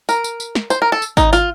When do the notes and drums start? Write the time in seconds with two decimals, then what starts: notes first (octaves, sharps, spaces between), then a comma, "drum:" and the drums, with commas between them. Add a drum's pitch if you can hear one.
0.09 A#4, drum: tambourine
0.24 drum: tambourine
0.40 drum: tambourine
0.55 drum: snare
0.70 C5, drum: tambourine
0.82 A#4
0.92 A4
1.02 drum: tambourine
1.17 D#4, drum: kick G#1, tambourine
1.33 F4, drum: tambourine